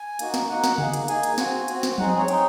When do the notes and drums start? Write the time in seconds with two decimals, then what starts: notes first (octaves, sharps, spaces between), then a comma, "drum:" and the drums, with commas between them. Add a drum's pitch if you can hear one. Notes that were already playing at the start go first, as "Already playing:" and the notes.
Already playing: G#5
0.19 A#3 D#4 F#4, drum: hi-hat
0.34 drum: snare
0.49 A#3 D#4 F#4 F#5
0.64 drum: snare
0.78 A#3 D#4 G#4, drum: tom C#3
0.94 drum: hi-hat
1.08 A#3 D#4 G#4 G#5, drum: hi-hat
1.23 drum: hi-hat
1.38 C4 F#4, drum: snare
1.68 C4 F#4, drum: hi-hat
1.83 drum: snare
1.98 C4 D#4 G#4 F#5, drum: tom F3
2.08 D#5
2.18 C#5
2.28 C4 D#4 G#4, drum: hi-hat